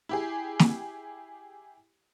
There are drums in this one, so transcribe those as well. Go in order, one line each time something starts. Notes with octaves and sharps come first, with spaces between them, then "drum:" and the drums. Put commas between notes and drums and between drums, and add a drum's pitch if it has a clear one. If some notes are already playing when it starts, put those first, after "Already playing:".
E4 G4 G#4
drum: snare